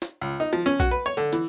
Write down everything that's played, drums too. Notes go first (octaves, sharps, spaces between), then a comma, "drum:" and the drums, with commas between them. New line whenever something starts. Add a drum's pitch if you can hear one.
drum: snare
C#2
D#4
F3
C#4, drum: hi-hat
F#4, drum: kick A#1
B4
C#5
D3
E3, drum: hi-hat